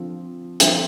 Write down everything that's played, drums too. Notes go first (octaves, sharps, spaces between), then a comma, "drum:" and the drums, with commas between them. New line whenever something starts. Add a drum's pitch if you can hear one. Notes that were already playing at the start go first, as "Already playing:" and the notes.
Already playing: D3 F3 C4
D3 F3 C4 G5, drum: hi-hat